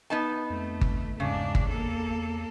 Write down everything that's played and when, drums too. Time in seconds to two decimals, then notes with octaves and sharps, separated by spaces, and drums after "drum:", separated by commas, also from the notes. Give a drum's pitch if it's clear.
0.10 B3 D#4 A5
0.50 F2 A3
0.81 drum: kick G1
1.20 E2 G#2 C#3 D4
1.55 drum: kick G1
1.69 A#3 A4